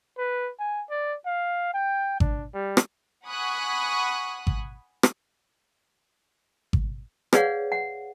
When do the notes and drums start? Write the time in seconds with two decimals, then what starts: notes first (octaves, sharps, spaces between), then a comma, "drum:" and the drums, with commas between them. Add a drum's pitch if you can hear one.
0.18 B4
0.59 G#5
0.90 D5
1.26 F5
1.74 G5
2.20 D4, drum: kick G#1
2.54 G3
2.77 drum: rim click
3.26 F#5 G#5 B5 C#6 D#6 F#6
4.47 drum: kick G#1
5.03 drum: rim click
6.73 drum: kick G#1
7.33 G#4 B4 C#5 D5 F5 F#5, drum: rim click
7.72 F#5